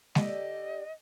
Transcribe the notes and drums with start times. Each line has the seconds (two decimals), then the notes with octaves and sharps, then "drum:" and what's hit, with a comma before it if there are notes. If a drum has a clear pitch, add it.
0.15 D3 G4 D5 D#5, drum: snare G#3